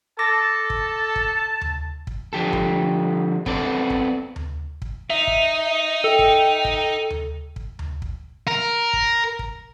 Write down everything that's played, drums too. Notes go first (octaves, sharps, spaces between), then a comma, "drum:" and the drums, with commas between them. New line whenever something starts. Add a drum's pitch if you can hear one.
A4 A5 D6 A#6
drum: kick
drum: kick
drum: tom D2
drum: kick
D3 F3 G4 A4
drum: kick
B3 C4 A4 D5, drum: kick
drum: kick
drum: tom D2
drum: kick
D#4 E5
drum: kick
A4 G5
drum: kick
drum: kick
drum: tom D2
drum: kick
drum: tom D2
drum: kick
A#4
drum: kick
drum: kick